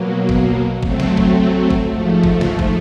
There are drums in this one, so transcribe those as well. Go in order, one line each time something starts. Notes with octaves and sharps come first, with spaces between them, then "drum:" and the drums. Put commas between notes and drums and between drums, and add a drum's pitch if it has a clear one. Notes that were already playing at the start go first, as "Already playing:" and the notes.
Already playing: B2 F#3 A#3
drum: kick
F#3 A3 C4, drum: kick
drum: snare
drum: kick
drum: kick
G#2 F3 A3
drum: kick
drum: snare
drum: kick